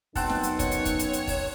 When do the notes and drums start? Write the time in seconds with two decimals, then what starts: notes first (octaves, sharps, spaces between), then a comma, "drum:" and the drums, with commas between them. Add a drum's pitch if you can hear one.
0.15 F#2 B3 C4 D#4 F#5 A5, drum: kick, open hi-hat
0.29 drum: snare
0.43 drum: hi-hat
0.60 C#5, drum: kick, hi-hat
0.71 drum: hi-hat
0.85 drum: kick, hi-hat
0.99 drum: hi-hat
1.13 drum: hi-hat
1.27 drum: kick, open hi-hat